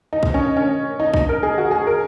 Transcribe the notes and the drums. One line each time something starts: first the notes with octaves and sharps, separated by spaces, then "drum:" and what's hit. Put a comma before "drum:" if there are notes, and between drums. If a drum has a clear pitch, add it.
D#4
drum: kick
C#4
C#4
D#4
D#4, drum: kick
A#4
G#4
F#4
G#4
A#4